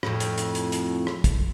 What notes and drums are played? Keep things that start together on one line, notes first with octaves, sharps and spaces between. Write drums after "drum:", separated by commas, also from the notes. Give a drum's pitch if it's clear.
F2 A2, drum: rim click
drum: hi-hat
drum: hi-hat
drum: hi-hat
drum: hi-hat
drum: rim click
drum: kick, hi-hat